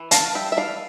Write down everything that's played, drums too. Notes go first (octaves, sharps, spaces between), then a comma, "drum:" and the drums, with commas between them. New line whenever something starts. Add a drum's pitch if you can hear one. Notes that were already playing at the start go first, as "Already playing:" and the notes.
Already playing: E3
D4 F5 A5, drum: hi-hat
G3 E5 G5
E5
E3 D5 F5